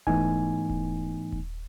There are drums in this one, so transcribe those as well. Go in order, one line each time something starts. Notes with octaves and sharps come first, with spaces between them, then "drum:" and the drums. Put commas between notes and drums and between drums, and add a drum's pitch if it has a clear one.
G#2 E3 A3 B3 D#4 G#5, drum: kick D#1
drum: kick D#1
drum: kick D#1